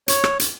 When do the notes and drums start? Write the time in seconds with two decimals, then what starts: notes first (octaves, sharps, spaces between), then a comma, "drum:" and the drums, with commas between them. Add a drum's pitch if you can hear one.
0.08 C#5, drum: hi-hat
0.24 drum: rim click
0.39 drum: hi-hat